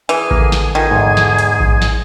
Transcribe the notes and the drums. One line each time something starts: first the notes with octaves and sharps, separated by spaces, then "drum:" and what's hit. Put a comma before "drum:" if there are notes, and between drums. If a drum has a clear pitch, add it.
E3 G#4 G#5, drum: hi-hat
D3 A#3, drum: kick A1
drum: snare
D#3 D#4 F4 G#4 G#5 A5 G#6
E2 G#2
drum: snare
drum: hi-hat
drum: kick A1
drum: snare